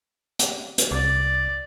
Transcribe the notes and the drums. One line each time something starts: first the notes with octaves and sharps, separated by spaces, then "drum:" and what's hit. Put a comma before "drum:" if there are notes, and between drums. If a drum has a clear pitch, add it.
drum: hi-hat
drum: hi-hat
C2 D5